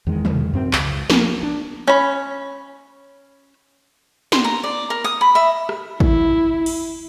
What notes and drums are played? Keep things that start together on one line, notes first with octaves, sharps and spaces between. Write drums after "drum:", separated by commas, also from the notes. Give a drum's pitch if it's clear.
E2 D#3 G#3
drum: tom
F#2 C4
C#2, drum: clap
F3 A#3, drum: snare
D4
C#4 B5
C6, drum: snare
A#5
D5
A#4
D#6
B5
E5
drum: rim click
E4, drum: kick A1
drum: cymbal